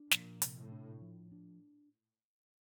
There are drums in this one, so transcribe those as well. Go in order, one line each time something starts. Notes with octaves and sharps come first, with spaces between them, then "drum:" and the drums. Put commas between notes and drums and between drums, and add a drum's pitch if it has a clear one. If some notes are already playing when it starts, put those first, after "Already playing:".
Already playing: D4
A#2 F3, drum: snare
C3, drum: hi-hat
A2
D4
F3
D4